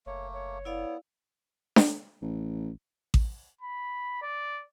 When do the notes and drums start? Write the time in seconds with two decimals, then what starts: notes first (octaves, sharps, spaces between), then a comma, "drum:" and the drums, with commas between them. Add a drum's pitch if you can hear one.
0.06 F#1 A3 A#3 C#5
0.33 C#5
0.65 B3 E4 D5 F5
1.76 drum: snare D4
2.22 A1
3.14 drum: kick A1
3.61 B5
4.22 D5